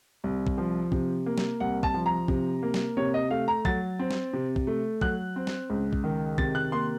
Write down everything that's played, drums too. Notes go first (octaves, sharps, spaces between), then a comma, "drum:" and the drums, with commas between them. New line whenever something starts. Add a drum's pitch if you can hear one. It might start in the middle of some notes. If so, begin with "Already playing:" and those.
C2
drum: kick
F3
C3, drum: kick
A#3
drum: snare
C2 F#5
A5, drum: kick
F3
A#5
C3, drum: kick
A#3
drum: snare
C3 C#5
D#5
A3 F5
A#5
F#3 A6, drum: kick
C4
drum: snare
C3
drum: kick
A3
F#3 F#6, drum: kick
C4
drum: snare
C#2
drum: kick
D#3
C3 A6, drum: kick
F#6
A#3 C6